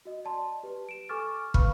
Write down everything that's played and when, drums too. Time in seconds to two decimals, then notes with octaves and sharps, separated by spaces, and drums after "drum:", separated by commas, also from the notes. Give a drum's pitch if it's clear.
0.05 F#4 D#5
0.25 D5 A5 C6
0.63 G4 B4
0.89 D7 E7
1.09 A4 G#5 C#6 D6 F6 A6
1.54 B4 F5 B5 C#6 F6, drum: kick